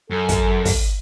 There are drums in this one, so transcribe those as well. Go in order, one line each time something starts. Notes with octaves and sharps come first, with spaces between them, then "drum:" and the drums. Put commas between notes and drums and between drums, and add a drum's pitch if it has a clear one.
F#2 A4
drum: kick, hi-hat
drum: kick, open hi-hat